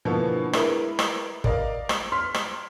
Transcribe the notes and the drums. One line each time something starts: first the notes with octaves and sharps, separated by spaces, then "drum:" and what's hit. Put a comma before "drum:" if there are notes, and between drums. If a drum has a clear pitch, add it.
B2 D3 E3 F3 A#3 B3
G#3 E4 A#4 B4, drum: rim click
drum: rim click
A#4 D5 D#5 F5, drum: kick
drum: rim click
C6 F6 B6
drum: rim click